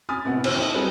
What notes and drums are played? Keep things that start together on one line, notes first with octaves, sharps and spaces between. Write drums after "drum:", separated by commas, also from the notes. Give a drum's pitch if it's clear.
G#5 B5 D#6 F6 A6
G#1 A2 C3 B3 F#5
G#1 D#2 E3 C#4 C5 E6, drum: cymbal
D#4 E4 A4 D#5
F#3 G3 C4 G#4 A4 B4